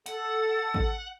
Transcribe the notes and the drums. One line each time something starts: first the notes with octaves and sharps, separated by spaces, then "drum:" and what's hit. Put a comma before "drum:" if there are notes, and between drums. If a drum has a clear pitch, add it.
A4 F#5, drum: hi-hat
drum: kick G#1